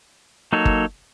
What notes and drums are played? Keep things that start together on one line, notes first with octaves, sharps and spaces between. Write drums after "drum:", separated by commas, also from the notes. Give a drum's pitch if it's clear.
F#3 A#3 D#4 A4 C#5
drum: kick G1